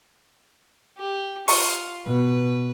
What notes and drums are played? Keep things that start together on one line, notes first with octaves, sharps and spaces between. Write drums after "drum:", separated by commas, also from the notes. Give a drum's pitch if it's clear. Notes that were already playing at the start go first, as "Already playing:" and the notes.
G4
F4 F5 C#6, drum: open hi-hat
B2 B4